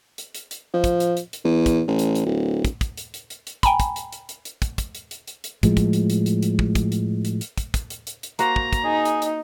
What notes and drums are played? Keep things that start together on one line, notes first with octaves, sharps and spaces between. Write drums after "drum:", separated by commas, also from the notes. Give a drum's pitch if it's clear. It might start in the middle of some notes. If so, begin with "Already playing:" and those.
drum: hi-hat
drum: hi-hat
drum: hi-hat
F3
drum: kick, hi-hat
drum: hi-hat
drum: hi-hat
drum: hi-hat
E2
drum: kick, hi-hat
A1
drum: hi-hat
drum: hi-hat
D1
drum: kick, hi-hat
drum: kick, hi-hat
drum: hi-hat
drum: hi-hat
drum: hi-hat
drum: hi-hat
G5 G#5 A#5 B5, drum: kick, hi-hat
drum: kick, hi-hat
drum: hi-hat
drum: hi-hat
drum: hi-hat
drum: hi-hat
drum: kick, hi-hat
drum: kick, hi-hat
drum: hi-hat
drum: hi-hat
drum: hi-hat
drum: hi-hat
A2 F3 G#3, drum: kick, hi-hat
drum: kick, hi-hat
drum: hi-hat
drum: hi-hat
drum: hi-hat
drum: hi-hat
drum: kick
drum: kick, hi-hat
drum: hi-hat
drum: hi-hat
drum: hi-hat
drum: kick, hi-hat
drum: kick, hi-hat
drum: hi-hat
drum: hi-hat
drum: hi-hat
A#3 F#4 C5 A#5, drum: hi-hat
drum: kick
drum: kick, hi-hat
D#4 G#4
drum: hi-hat
drum: hi-hat